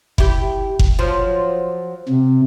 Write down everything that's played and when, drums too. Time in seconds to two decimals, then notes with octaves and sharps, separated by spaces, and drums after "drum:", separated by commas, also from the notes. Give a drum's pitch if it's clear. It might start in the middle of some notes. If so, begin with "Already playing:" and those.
0.18 E4 G4, drum: kick F#1
0.79 drum: kick F#1
0.99 F3 F#3
2.09 C3